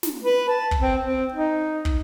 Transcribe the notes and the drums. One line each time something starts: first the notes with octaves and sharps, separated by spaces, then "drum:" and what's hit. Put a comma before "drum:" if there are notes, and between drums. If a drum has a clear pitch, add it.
drum: snare
B4
A5
drum: kick
C4
C4
D#4
drum: kick